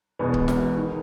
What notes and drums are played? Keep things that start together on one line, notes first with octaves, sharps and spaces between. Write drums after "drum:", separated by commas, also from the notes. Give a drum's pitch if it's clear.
E1 E2 B2 G#3 B3
drum: kick C#1
drum: snare
D#3